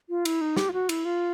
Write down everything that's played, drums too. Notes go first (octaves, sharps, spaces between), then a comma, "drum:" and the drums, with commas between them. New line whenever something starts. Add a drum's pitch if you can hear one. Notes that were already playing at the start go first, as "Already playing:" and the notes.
F4
E4, drum: cymbal
D#4
G4, drum: snare
F4
F#4
E4, drum: cymbal
F4